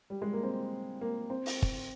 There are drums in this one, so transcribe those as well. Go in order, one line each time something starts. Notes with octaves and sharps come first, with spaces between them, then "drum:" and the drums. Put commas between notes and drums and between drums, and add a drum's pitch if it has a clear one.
G3
G#3
A#3
C4
A#3
C4
drum: open hi-hat
drum: kick